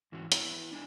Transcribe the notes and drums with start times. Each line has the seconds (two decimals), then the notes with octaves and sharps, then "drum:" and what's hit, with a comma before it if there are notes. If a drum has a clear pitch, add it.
0.12 G#2 E3 C#4 F#4
0.32 B3 E4, drum: hi-hat
0.73 D4 E4 G#5